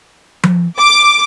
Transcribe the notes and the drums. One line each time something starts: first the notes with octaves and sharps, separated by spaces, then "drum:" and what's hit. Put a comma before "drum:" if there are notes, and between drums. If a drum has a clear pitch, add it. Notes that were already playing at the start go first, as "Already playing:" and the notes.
drum: tom F3
D6